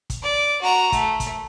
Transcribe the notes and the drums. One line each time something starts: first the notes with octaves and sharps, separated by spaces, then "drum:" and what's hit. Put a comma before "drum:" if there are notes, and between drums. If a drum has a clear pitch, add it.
drum: kick, hi-hat
D5
F#4 A#5
A3, drum: kick, hi-hat
drum: kick, hi-hat